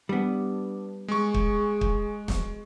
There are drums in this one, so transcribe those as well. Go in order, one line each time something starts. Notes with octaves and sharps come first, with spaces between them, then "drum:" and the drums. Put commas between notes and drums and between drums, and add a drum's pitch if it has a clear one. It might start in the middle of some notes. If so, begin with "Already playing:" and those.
G3 B3 D4
G#3 G#4 C#6
drum: kick
drum: kick
drum: snare